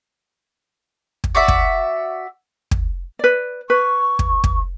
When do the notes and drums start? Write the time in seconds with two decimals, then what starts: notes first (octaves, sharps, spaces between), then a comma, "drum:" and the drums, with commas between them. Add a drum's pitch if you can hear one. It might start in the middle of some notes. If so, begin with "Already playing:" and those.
1.24 drum: kick
1.35 F#4 D5 E5
1.48 drum: kick
2.71 drum: kick
3.19 B4 D5
3.70 B4 C#6
4.19 drum: kick
4.44 drum: kick